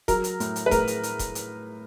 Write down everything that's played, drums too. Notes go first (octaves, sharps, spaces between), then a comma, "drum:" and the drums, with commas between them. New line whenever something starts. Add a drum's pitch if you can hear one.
F#3 A#4, drum: kick D#1, hi-hat
drum: hi-hat
A2, drum: hi-hat
drum: hi-hat
B4
A2 A#4, drum: kick D#1, hi-hat
drum: hi-hat
drum: hi-hat
drum: kick D#1, hi-hat
drum: hi-hat